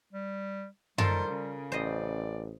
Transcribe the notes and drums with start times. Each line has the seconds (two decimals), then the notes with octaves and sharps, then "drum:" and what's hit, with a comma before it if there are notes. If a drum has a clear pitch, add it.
0.13 G3
0.98 D#3 G3 F4 A4 A#4 C5, drum: tom F#2
1.28 C#3
1.72 A1 C5 D5 D#5